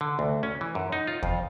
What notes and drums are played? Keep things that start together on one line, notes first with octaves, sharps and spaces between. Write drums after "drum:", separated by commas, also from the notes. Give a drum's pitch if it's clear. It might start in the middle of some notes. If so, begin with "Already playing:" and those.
D3
D2
C#4
E3
F#2
D#4
F4
F2, drum: kick D#2